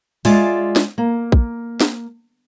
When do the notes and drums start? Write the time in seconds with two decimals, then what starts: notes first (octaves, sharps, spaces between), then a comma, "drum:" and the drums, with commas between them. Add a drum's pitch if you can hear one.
0.25 G#3 F4 D5 E5, drum: open hi-hat
0.76 drum: snare
0.98 A#3
1.32 drum: kick
1.81 drum: snare